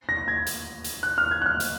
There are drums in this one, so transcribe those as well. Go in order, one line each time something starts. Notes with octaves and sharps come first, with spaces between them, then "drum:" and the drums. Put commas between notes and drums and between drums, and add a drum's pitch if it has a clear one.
A#6
G#6
drum: hi-hat
drum: hi-hat
F#6
F6
G#6
F#6
F6
drum: hi-hat